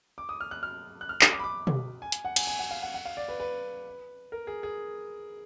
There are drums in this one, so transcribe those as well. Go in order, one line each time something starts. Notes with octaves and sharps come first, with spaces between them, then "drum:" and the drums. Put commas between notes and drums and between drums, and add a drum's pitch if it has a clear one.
D6
D#6
F6
F#6
F6
F#6
F6
D#6, drum: clap
D6
B5
D6
drum: tom B2
G#5
drum: hi-hat
F#5
G#5, drum: cymbal
G#5
F#5
F5
F#5
F#5
F5
D5
B4
B4
A#4
G#4
G#4